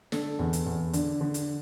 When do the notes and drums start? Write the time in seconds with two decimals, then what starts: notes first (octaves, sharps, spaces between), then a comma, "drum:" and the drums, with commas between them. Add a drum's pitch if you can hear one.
0.12 D3 A4, drum: snare
0.39 E2
0.53 drum: hi-hat
0.66 E2
0.93 D3, drum: hi-hat
1.21 D3
1.34 drum: hi-hat